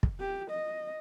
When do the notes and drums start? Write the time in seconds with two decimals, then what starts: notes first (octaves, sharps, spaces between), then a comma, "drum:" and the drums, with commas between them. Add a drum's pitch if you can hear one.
0.03 drum: kick
0.20 G4
0.50 D#5